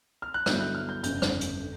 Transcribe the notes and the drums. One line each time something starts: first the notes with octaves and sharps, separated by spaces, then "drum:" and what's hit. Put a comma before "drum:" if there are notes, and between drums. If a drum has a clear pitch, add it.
F6
F#6
G2 D3 F#3 B3 E4 G6, drum: rim click
F#6
F6
G6
G1 F2 C#3 G6, drum: hi-hat
drum: rim click
drum: hi-hat
D3